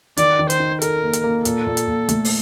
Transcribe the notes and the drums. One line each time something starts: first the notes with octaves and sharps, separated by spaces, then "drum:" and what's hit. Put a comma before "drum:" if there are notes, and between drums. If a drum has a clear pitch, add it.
D#3 D5, drum: hi-hat
D#3
C5, drum: hi-hat
D#4
A4 A#4, drum: hi-hat
A#3
drum: hi-hat
A#3
A#2 A4, drum: hi-hat
A#2
drum: hi-hat
A#2
A3, drum: hi-hat
drum: open hi-hat